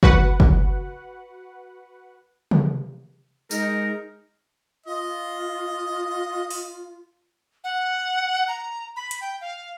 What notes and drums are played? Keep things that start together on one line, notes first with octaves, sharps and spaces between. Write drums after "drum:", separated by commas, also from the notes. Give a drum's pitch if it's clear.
F#4 B4 F#5, drum: kick
drum: kick
drum: tom C3
G#3 D#4 A#4, drum: tambourine
F4 D#5
drum: open hi-hat
F#5
A#5
B5
drum: hi-hat
G5
F5